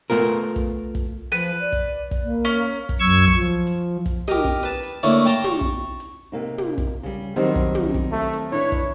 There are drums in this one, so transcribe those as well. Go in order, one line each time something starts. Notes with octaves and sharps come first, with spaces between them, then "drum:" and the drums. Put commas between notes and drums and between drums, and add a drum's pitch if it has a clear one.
A3 B3 F4 A#4
drum: kick, hi-hat
drum: kick, hi-hat
F3 B4, drum: hi-hat
D5
drum: kick, hi-hat
drum: kick, hi-hat
A#3
C#4
drum: kick, hi-hat
F#2 C#6 E6 G#6
drum: kick, hi-hat
F3
drum: hi-hat
drum: kick, hi-hat
G4 A#4 D#5, drum: tom
drum: kick
B4 A5
drum: hi-hat
D3 A3 A#3 E4 C#5
G5 A5 A#5 C6 D6
C#6, drum: tom
drum: kick, hi-hat
drum: hi-hat
C3 A#3 D#4
drum: tom
drum: kick, hi-hat
C#3 G3
D#3 F#3 G3 C4 D4
drum: kick, hi-hat
drum: tom
drum: kick, hi-hat
A3
drum: hi-hat
E3 D4 E4 C#5
drum: kick, hi-hat